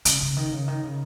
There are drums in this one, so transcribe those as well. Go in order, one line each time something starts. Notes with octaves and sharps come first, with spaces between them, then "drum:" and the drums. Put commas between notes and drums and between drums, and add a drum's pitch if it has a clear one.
C#3, drum: hi-hat
C#3
D#3
C#3
D#3
C#3